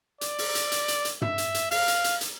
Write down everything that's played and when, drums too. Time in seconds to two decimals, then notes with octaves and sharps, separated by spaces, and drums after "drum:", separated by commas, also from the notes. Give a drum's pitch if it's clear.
0.21 D5, drum: hi-hat
0.38 drum: open hi-hat
0.55 drum: hi-hat
0.72 drum: hi-hat
0.88 drum: hi-hat
1.05 drum: hi-hat
1.22 E5, drum: tom
1.38 drum: hi-hat
1.54 drum: hi-hat
1.71 F5, drum: open hi-hat
1.88 drum: hi-hat
2.04 drum: hi-hat
2.21 drum: hi-hat